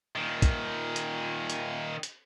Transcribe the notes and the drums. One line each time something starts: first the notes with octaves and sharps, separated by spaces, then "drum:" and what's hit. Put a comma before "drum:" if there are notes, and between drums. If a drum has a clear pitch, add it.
A#2 D#3
drum: kick, hi-hat
drum: hi-hat
drum: hi-hat
drum: hi-hat